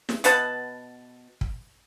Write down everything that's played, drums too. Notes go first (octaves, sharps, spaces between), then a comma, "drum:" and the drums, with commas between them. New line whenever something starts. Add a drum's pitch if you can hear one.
drum: snare
B2 B4 F#5 A5, drum: hi-hat
drum: kick